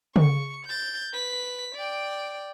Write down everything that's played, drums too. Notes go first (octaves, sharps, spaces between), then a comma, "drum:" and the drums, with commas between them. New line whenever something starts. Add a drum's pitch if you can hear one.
C#6 C#7, drum: tom C#3
G6 A6
B4 B6
D5 G5